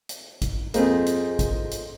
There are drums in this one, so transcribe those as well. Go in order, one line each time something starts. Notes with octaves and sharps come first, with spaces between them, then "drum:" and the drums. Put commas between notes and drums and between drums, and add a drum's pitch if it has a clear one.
drum: hi-hat
drum: kick, hi-hat
F2 A#3 F4 G#4 C5 D#5, drum: hi-hat
drum: hi-hat
drum: kick, hi-hat
drum: hi-hat